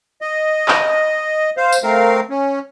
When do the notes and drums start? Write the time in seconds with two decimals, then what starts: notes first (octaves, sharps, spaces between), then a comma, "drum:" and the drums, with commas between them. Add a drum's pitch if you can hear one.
0.21 D#5
0.68 drum: clap
1.57 C5 F5
1.73 drum: tambourine
1.83 A3 C4 A#4 F5
2.30 C#4